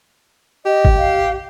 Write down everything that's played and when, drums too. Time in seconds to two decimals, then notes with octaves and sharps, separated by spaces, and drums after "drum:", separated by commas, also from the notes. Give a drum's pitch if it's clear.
0.66 G4 D#5
0.85 drum: kick G#1
0.98 F5